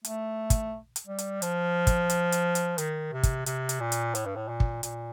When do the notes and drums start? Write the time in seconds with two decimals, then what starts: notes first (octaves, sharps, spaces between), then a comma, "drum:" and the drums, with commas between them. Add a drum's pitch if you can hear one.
0.05 A3, drum: hi-hat
0.50 drum: kick, hi-hat
0.96 drum: hi-hat
1.07 G3
1.18 drum: hi-hat
1.42 F3, drum: hi-hat
1.87 drum: kick, hi-hat
2.10 drum: hi-hat
2.32 drum: hi-hat
2.55 drum: hi-hat
2.78 D#3, drum: hi-hat
3.13 C3
3.23 drum: kick, hi-hat
3.46 C3, drum: hi-hat
3.69 drum: hi-hat
3.80 A#2
3.92 drum: hi-hat
4.15 A2, drum: hi-hat
4.26 G2
4.36 A2
4.49 A#2
4.60 drum: kick
4.83 A#2, drum: hi-hat